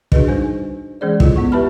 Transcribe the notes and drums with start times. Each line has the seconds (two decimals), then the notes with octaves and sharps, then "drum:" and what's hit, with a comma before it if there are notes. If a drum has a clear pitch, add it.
0.12 D4 F#4 G#4 B4 D#5, drum: kick
0.28 G3 D#4 C5 G#5
1.01 E3 G#3 C#4 G#4 C5 D5
1.20 E4 F4 A4 D#5, drum: kick
1.36 B3 F#5 C#6
1.52 D#2 G4 B4 A5 B5 F6